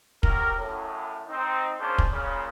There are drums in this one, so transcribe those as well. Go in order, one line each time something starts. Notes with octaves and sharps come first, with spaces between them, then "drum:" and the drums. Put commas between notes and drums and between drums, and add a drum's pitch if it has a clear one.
C3 F#3 G4 A#4, drum: kick
F#2 A2
C4 D#4
A#3 C#4 D4 F4 G#4 C5
drum: kick
A#2 C#3